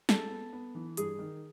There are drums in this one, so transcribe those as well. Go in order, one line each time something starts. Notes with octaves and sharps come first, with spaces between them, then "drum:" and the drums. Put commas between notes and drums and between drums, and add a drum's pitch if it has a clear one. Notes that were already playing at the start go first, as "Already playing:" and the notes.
G#3 A4, drum: snare
B3
B3
E3
G2 G#4, drum: hi-hat
D#3